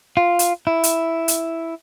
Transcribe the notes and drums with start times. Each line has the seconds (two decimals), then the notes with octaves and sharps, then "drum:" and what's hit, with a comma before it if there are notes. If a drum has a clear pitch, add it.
0.17 F4
0.39 drum: hi-hat
0.67 E4
0.84 drum: hi-hat
1.28 drum: hi-hat